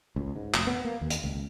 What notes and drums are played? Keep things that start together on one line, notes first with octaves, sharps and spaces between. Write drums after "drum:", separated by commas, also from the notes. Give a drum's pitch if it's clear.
C#2
G#2
F1, drum: clap
B3
A#3
D#2
drum: hi-hat
C#2